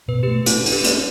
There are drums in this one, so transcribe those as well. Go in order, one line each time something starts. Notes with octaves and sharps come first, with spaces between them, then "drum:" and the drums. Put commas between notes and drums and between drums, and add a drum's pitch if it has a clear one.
B2 B4
A3 G4 B4
A3 E4 A4, drum: hi-hat
D4, drum: open hi-hat
G4 B4
D4, drum: hi-hat